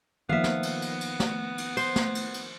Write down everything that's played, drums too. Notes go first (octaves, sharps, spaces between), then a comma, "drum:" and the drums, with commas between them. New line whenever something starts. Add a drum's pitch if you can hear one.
D#3 F3 A#3 B3 E5 F5
drum: snare
drum: cymbal
drum: cymbal
drum: cymbal
drum: snare
drum: cymbal
C5, drum: cymbal
drum: snare
drum: cymbal
drum: cymbal